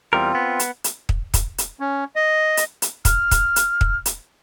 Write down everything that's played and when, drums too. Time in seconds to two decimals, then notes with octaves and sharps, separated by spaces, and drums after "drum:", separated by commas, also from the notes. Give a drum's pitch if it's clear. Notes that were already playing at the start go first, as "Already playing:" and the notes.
0.13 E2 G3 C4 F4 A#4
0.35 B3
0.59 drum: hi-hat
0.84 drum: hi-hat
1.09 drum: kick
1.34 drum: kick, hi-hat
1.58 drum: hi-hat
1.80 C#4
2.16 D#5
2.57 drum: hi-hat
2.82 drum: hi-hat
3.05 F6, drum: kick, hi-hat
3.31 drum: kick, hi-hat
3.56 drum: hi-hat
3.81 drum: kick
4.06 drum: hi-hat